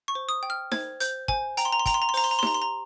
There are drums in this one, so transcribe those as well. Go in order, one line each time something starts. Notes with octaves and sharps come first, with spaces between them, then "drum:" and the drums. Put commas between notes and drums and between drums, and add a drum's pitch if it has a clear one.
C#6
C5
D#6
G5
F6
C5 G#6, drum: snare D#4
C5 G6, drum: hi-hat
C5 G#5, drum: kick
G5 A#5, drum: hi-hat
C6
A#5
C6
G5 A#5, drum: kick, hi-hat
C6
A#5
C6
C5 A#5, drum: open hi-hat
C6
A#5
C6
G4 A#5, drum: snare D#4
C6
A#5